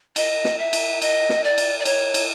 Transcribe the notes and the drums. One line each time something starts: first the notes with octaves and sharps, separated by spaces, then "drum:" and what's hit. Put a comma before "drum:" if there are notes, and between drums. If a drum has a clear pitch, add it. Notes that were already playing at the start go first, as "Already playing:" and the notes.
D#5, drum: cymbal
drum: snare
E5
drum: cymbal
D#5, drum: cymbal
drum: snare
D5
drum: cymbal
D5
C#5, drum: cymbal
drum: cymbal